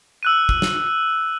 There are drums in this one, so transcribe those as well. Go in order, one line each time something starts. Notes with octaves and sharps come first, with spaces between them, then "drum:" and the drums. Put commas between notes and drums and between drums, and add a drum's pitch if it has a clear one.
E6 F#6 D#7
drum: kick
drum: snare